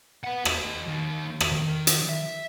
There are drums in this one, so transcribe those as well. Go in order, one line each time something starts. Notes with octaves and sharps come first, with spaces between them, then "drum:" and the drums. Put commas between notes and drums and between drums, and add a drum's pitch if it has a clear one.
B4 F#5
G4 D#5, drum: rim click
D#2
drum: rim click
D#3
drum: hi-hat
E5